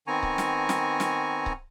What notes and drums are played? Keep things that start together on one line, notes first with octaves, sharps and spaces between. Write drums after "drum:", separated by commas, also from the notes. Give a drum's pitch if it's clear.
D#3 B3 C4 G#5 A#5 C#6
drum: kick C#1
drum: snare
drum: snare
drum: snare
drum: kick C#1